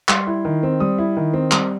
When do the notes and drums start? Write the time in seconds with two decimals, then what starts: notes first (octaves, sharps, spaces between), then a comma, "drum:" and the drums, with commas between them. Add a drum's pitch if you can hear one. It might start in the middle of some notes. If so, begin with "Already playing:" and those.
0.09 G3 C6, drum: clap
0.27 E4
0.45 D#3
0.63 C4
0.80 G3 D#6
0.99 E4
1.17 D#3
1.34 C4
1.51 G3, drum: clap